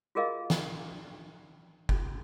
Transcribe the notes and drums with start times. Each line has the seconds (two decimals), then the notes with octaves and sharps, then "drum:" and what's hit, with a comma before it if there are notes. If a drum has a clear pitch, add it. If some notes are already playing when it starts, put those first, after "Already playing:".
0.15 F4 F#4 G#4 A#4 D#5 F5
0.50 drum: snare
1.89 drum: kick